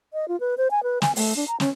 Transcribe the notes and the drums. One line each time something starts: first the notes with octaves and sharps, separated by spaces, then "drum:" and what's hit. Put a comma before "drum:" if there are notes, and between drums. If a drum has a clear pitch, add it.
D#5
F4
B4
C5
G#5
B4
G#5, drum: snare
A3, drum: open hi-hat
D4
A#5
C#4, drum: snare